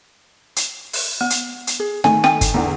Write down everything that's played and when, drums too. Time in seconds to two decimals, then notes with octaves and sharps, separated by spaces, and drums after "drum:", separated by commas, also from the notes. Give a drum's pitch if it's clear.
0.56 drum: hi-hat
0.93 drum: open hi-hat
1.21 B3
1.30 drum: hi-hat
1.67 drum: hi-hat
1.80 G#4
2.04 D#3 A3 G#5, drum: snare
2.24 G5, drum: snare
2.41 drum: kick, hi-hat
2.54 E2 D3